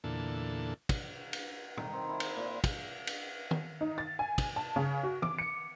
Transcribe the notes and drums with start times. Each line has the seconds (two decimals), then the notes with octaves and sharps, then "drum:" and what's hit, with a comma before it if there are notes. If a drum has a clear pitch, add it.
0.04 E2 A#2 D3 A4
0.89 drum: kick, cymbal
1.33 drum: cymbal
1.77 D#3, drum: tom
1.93 C4
2.09 E4
2.20 drum: cymbal
2.36 A#2
2.64 drum: kick, cymbal
3.07 drum: cymbal
3.51 drum: tom D#3
3.81 D#4
3.98 A6
4.19 G#5
4.38 drum: kick, cymbal
4.56 A5
4.76 C#3
5.03 F#4
5.22 D6, drum: tom E3
5.39 C#7